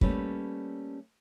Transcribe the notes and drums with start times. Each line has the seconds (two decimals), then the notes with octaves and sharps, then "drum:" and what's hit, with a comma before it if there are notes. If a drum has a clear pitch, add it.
0.01 G3 A3 A#3 C#4 B4, drum: kick